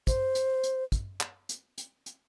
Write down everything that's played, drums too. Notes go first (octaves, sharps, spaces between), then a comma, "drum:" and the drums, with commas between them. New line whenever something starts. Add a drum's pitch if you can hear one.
C5, drum: kick, hi-hat
drum: hi-hat
drum: hi-hat
drum: kick, hi-hat
drum: clap
drum: hi-hat
drum: hi-hat
drum: hi-hat